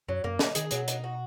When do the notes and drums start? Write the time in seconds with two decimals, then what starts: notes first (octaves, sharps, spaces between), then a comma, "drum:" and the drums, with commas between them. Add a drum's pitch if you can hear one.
0.09 F#2 F#3
0.24 F#2 A#3
0.39 D#4, drum: snare
0.55 D#3 G#4, drum: hi-hat
0.71 B2 F#3, drum: hi-hat
0.88 D#4, drum: hi-hat
1.04 F#4